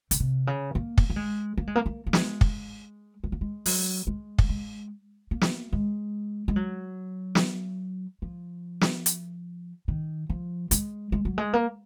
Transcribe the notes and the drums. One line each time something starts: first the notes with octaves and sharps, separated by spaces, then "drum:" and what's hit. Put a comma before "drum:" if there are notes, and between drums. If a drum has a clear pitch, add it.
C#3, drum: hi-hat
C3
C#3
A#3
drum: kick
A#3
G#3
A#3
G#3
A#3
A#3
A#3
G#3, drum: snare
drum: kick
G#3
A#3
G#3
F#3, drum: open hi-hat
G#3
drum: kick
G#3
A#3
drum: snare
G#3
G#3
F#3
drum: snare
F3
drum: snare
drum: hi-hat
D#3
F3
G#3, drum: hi-hat
G#3
F#3
G#3
A#3